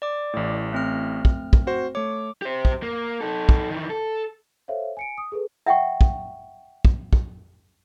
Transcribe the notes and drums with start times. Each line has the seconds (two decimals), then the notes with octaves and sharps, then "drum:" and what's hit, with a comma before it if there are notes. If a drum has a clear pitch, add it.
0.02 D5 D6
0.34 A1 A2
0.73 A3 C4 F6
1.25 drum: kick
1.53 drum: kick
1.67 F#4 C5
1.95 A3 C#5 D6
2.42 G4 C5
2.65 drum: kick
2.82 A#3
3.21 D#4 A4
3.49 drum: kick
3.70 D#3 E3
3.90 A4
4.68 A4 C5 C#5 E5 F5
4.97 G#5 C#7 D7
5.18 D#6
5.32 G#4 A4 B4
5.67 E5 F#5 G5 C#6
6.01 drum: kick
6.85 drum: kick
7.13 drum: kick